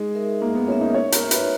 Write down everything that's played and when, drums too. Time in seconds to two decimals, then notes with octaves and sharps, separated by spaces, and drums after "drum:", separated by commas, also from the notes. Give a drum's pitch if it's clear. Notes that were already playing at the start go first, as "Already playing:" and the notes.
Already playing: G#3 D#4
0.15 A#4 E5
0.41 A#3 D#4
0.55 B3
0.68 C#4 A#4 E5
0.81 D#4
0.94 D#4 C#5
1.12 A#4, drum: hi-hat
1.22 F#4 C#5 E5
1.31 B4, drum: hi-hat